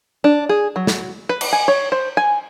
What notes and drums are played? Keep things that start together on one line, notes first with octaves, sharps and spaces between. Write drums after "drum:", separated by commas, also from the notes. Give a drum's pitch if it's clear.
D4
G#4
F#3
drum: snare
B4
drum: cymbal
G#5
C#5
C5
G#5